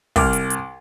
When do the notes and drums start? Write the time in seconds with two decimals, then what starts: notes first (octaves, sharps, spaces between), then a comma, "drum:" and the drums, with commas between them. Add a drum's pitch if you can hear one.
0.16 C2 D6 F6, drum: kick, open hi-hat
0.33 drum: hi-hat
0.50 drum: hi-hat